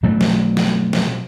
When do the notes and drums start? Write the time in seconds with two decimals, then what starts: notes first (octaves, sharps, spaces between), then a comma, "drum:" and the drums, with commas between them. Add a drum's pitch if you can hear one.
0.03 B2 F#3 A3
0.21 drum: snare
0.57 drum: snare
0.93 drum: snare